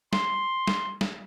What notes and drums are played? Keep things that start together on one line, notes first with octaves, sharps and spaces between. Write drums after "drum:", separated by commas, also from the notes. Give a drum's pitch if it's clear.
C6, drum: snare
drum: snare
drum: snare